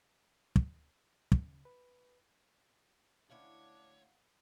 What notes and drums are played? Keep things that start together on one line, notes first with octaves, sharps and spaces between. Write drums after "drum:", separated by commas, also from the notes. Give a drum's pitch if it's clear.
drum: kick
C#3, drum: kick
B4
D2 C#4 D4 E4 C#5 F5 F#5